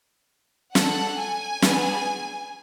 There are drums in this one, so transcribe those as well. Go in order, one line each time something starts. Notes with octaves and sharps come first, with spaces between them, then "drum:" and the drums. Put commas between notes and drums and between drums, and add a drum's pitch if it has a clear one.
D4 A4 F#5, drum: snare
G#5
B3 D4 G#4, drum: snare